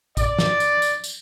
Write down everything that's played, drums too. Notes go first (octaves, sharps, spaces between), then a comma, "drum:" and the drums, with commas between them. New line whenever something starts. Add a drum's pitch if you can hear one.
D5, drum: kick A#1, tambourine
drum: snare
drum: tambourine
drum: tambourine
drum: tambourine